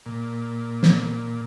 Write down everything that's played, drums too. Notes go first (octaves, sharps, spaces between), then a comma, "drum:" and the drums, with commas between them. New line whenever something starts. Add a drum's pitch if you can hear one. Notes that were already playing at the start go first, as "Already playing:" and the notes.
A#2
drum: snare